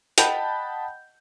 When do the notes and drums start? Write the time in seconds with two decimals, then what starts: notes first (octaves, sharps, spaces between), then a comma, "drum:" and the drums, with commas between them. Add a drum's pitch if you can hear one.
0.18 D#5 F#5 G5 A5 B5 G6, drum: hi-hat